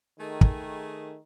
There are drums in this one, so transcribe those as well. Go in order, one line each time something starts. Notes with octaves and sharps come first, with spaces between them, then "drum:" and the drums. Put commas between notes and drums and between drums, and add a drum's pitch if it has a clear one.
D#3 A3 G#4
drum: kick